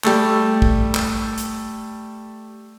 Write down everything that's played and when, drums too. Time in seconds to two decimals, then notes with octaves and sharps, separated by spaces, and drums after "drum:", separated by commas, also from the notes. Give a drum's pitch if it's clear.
0.04 G3 A3, drum: clap
0.62 drum: kick
0.95 drum: clap
1.38 drum: hi-hat